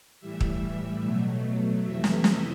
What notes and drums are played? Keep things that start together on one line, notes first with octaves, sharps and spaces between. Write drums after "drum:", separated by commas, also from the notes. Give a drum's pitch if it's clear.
A2 E3 G3 E5
drum: kick
B2 F#3 A3
F2 C3 E3 A3 E5
drum: snare
D#5, drum: snare